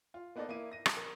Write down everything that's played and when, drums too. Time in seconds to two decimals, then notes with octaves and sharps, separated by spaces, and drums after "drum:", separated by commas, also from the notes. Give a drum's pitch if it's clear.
0.14 F4
0.36 A#3 B3 D#4 A4 D5 D#5
0.49 A#3 E4 D#7
0.71 A#6 D#7
0.86 A5, drum: rim click
0.97 A#4